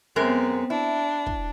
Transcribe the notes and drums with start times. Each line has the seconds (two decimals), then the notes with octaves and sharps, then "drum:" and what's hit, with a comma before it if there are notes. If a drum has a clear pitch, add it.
0.16 F#2 G#3 B3 C4 A#4
0.70 D4 E4
1.26 drum: kick